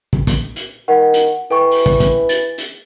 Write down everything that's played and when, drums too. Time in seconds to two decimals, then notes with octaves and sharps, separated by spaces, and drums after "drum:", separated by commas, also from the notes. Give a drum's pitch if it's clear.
0.13 drum: kick
0.27 drum: kick, hi-hat
0.56 drum: hi-hat
0.88 D#3 F#5
1.14 drum: hi-hat
1.51 E3 A4 G5 C#6
1.72 drum: open hi-hat
1.86 drum: kick
2.00 drum: kick, hi-hat
2.29 A6, drum: hi-hat
2.58 drum: hi-hat